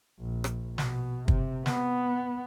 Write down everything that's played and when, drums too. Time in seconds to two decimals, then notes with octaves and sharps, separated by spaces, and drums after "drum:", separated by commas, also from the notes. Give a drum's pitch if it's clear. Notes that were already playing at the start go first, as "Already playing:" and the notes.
0.19 A#1
0.44 drum: rim click
0.78 B2, drum: snare
1.28 C3, drum: kick
1.66 B3, drum: snare